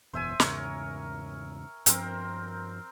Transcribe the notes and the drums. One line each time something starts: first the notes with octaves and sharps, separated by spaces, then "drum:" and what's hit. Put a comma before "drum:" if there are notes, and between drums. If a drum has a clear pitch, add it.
F#1 E2 B2 C5 E5 G#5
E2 G#2 C#3 A#4 C#5, drum: snare
G2 F3 C4 A#4 C5, drum: hi-hat